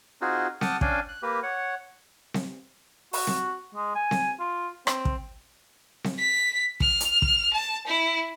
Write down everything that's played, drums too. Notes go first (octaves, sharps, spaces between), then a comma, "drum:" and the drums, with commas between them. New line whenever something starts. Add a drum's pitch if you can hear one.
C4 D#4 F4 F#4 G#4
F#5 G5 A5 D6 D#6 F6, drum: snare C4
C#4 D4 D5 F5 G5 G#5, drum: kick
F#6
A#3 G4 B4
C#5 F#5
drum: snare C4
F#4, drum: open hi-hat
drum: snare C4
G#3
G#5
drum: snare C4
F4
C4, drum: rim click
drum: kick
drum: snare C4
B6
F6, drum: kick
drum: hi-hat
drum: kick
A5
E4